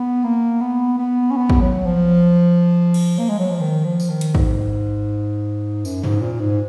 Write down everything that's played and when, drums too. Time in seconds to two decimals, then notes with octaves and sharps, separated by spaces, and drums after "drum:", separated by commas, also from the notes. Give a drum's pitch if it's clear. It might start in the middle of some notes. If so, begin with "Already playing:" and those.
Already playing: B3
0.24 A#3
0.61 B3
0.99 B3
1.31 C#4
1.37 B3
1.50 drum: kick
1.61 F#3
1.86 F3
2.94 drum: cymbal
3.19 A#3
3.29 G#3
3.39 F#3
3.50 F3
3.61 D#3
3.85 F3
4.00 drum: tambourine
4.09 D#3
4.21 drum: hi-hat
4.35 G#2, drum: kick
5.85 F#2, drum: tambourine
6.04 G#2, drum: tom
6.21 A#2
6.40 G#2